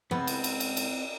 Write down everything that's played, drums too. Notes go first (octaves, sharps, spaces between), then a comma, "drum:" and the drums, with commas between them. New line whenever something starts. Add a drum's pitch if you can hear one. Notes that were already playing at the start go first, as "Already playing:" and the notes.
C#2 B3 C4
drum: cymbal
drum: cymbal
drum: cymbal
drum: cymbal